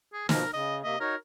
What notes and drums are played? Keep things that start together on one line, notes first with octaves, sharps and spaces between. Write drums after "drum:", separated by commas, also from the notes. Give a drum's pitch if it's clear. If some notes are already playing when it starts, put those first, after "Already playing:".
G#4
B2 F3 A#4, drum: snare
C#3 D#5
C3 A#3 D#5 E5
D#4 F#4 A#4 C#5